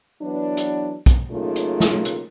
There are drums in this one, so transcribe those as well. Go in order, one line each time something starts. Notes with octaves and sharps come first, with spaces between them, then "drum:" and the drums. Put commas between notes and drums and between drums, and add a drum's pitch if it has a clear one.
E3 F#3 B3 D4
drum: hi-hat
drum: kick, hi-hat
C#3 F#3 A3 A#3 D#4 F4
drum: hi-hat
drum: snare
drum: hi-hat